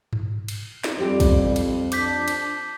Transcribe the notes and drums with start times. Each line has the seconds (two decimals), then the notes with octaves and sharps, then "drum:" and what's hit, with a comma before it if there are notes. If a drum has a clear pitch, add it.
0.13 drum: tom G2
0.48 drum: cymbal
0.84 drum: snare
0.98 F2 G3 C4 G4
1.20 drum: kick, cymbal
1.56 drum: cymbal
1.92 D4 D6 G6 B6, drum: cymbal
2.28 drum: cymbal